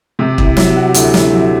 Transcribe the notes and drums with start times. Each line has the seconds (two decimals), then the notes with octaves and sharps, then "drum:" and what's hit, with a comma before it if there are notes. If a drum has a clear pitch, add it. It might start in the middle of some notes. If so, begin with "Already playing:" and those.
0.19 C3 G4
0.38 E4, drum: kick
0.57 F#3 E4, drum: snare
0.76 F#4
0.94 D2 E4, drum: hi-hat
1.14 E4, drum: snare
1.33 F#3 E4